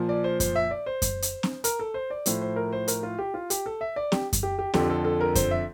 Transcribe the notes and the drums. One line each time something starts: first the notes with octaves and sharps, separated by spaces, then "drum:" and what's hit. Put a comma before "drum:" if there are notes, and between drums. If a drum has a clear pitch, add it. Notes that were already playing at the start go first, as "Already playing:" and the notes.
Already playing: A#2 F3
D5
C5
C5, drum: kick F#2, hi-hat
E5
D5
C5
drum: kick F#2, hi-hat
drum: hi-hat
drum: snare C4
A#4, drum: hi-hat
A4
C5
D5
A2 F3 C5, drum: hi-hat
C5
A#4
C5
A#4, drum: hi-hat
F4
G4
F4
G4, drum: hi-hat
A4
E5
D5
G4, drum: snare C4
drum: kick F#2, hi-hat
G4
G4
F2 D3 F3 G4, drum: snare C4
A4
A4
A#4
C5, drum: kick F#2, hi-hat
E5